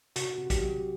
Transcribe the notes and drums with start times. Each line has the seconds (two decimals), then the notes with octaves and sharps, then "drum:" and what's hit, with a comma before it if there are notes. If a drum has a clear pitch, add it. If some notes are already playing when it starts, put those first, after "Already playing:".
0.16 C3 F#4, drum: hi-hat
0.38 C3
0.50 G4, drum: kick A#1, hi-hat
0.62 F#3